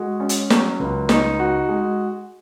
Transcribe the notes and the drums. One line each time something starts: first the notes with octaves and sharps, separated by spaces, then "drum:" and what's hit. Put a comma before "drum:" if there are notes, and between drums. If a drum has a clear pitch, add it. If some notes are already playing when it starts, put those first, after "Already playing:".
Already playing: G#3 F#4
C#4
drum: hi-hat
F#3, drum: snare
C#2
D#4, drum: snare
F#4
G#3